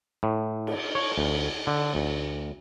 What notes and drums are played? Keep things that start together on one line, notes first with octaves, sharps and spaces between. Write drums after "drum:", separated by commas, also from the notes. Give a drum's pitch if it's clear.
A2
drum: cymbal
C#5
D2
D3
D2